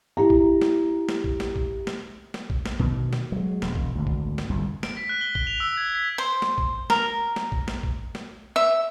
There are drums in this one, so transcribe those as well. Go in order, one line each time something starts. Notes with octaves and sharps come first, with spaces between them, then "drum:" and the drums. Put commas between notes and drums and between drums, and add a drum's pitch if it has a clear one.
E4 G4 A#5
drum: kick A#1
drum: snare
drum: snare
drum: kick A#1
drum: snare
drum: kick A#1
drum: snare
drum: snare
drum: kick A#1
drum: snare
B2 D#3, drum: kick A#1
drum: snare
F#3 G#3
E1, drum: snare
drum: kick A#1
G#1 D2
drum: kick A#1
drum: snare
G1 C2 F2
D7, drum: snare
B6
F#6
G7
G7, drum: kick A#1
F7
E6
G#6
B6
C5
drum: snare
drum: kick A#1
A#4, drum: snare
drum: snare
drum: kick A#1
drum: snare
drum: kick A#1
drum: snare
E5